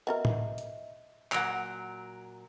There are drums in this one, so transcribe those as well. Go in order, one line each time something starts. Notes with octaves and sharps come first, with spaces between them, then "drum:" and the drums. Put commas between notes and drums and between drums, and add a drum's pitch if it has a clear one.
B3 F#4 A#4 D#5 E5
drum: tom A2
drum: hi-hat
A#2 F#3 F#5 F#6 D7 F7, drum: clap